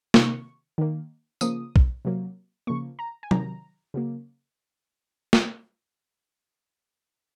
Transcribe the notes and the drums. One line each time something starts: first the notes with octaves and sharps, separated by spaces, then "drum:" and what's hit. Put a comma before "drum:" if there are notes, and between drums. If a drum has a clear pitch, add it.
C3 D#3 A#3 C#6, drum: snare
D#3 A#3
C#3 F3 A#3 D#6, drum: tambourine
drum: kick
C3 F#3 A#3
C#3 F3 A#3 C#6
A#5
G#5
C3 D#3 F#3 A#5, drum: tom
C#3 F#3 A#3
drum: snare